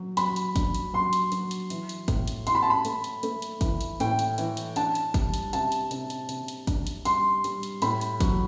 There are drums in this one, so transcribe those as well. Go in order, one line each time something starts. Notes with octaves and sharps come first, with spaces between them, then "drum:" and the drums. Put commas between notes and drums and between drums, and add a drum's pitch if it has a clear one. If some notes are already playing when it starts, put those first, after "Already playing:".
Already playing: F#3
F#3 B5, drum: hi-hat
drum: hi-hat
D4, drum: kick, hi-hat
drum: hi-hat
F#3 C6
drum: hi-hat
F#3, drum: hi-hat
drum: hi-hat
E3, drum: hi-hat
drum: hi-hat
A2, drum: kick, hi-hat
drum: hi-hat
E4 C6, drum: hi-hat
B5
A5
B5
A3, drum: hi-hat
drum: hi-hat
A3, drum: hi-hat
drum: hi-hat
E3, drum: kick, hi-hat
drum: hi-hat
A2 G5, drum: hi-hat
drum: hi-hat
E3, drum: hi-hat
drum: hi-hat
D4 A5, drum: hi-hat
drum: hi-hat
G3, drum: kick, hi-hat
drum: hi-hat
C3 A5, drum: hi-hat
drum: hi-hat
C3, drum: hi-hat
drum: hi-hat
C3, drum: hi-hat
drum: hi-hat
D4, drum: kick, hi-hat
drum: hi-hat
G3 C6, drum: hi-hat
G3, drum: hi-hat
drum: hi-hat
A2 B5, drum: hi-hat
drum: hi-hat
F#3, drum: kick, hi-hat